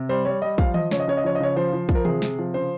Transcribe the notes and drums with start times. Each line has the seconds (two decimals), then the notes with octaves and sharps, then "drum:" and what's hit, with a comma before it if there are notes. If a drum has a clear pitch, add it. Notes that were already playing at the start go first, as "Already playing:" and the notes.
Already playing: C3
0.09 G3 C5
0.25 G3 C#5
0.42 G3 D#5
0.58 F3 F5, drum: kick
0.74 F3 D#5, drum: tom D#3
0.91 C#3 C#5, drum: snare
1.00 D#5
1.08 C#3 C#5
1.17 D#5
1.24 F3 C#5
1.35 D#5
1.40 C#3 C#5
1.56 F3 C5
1.73 F3
1.89 F3, drum: kick
1.95 A#4
2.05 C3 G#4, drum: tom D#3
2.22 C3, drum: snare
2.39 F3
2.54 C#3 C5